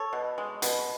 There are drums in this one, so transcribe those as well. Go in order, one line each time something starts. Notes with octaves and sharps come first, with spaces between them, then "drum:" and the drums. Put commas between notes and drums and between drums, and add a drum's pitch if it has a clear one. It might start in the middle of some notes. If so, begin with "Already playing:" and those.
Already playing: A4 C#5
B2
G#3
B2, drum: hi-hat